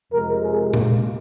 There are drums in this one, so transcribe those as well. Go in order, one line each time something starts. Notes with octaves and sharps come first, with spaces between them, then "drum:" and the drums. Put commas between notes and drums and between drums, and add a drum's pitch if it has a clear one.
F2 C3 G#3 A#4
G#4
A#3, drum: tom A#2